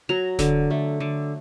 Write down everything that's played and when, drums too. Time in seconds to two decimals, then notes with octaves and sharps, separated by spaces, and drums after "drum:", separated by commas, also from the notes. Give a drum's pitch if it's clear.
0.09 F#3 A#5
0.39 D3, drum: snare D1
0.70 A3
1.00 D3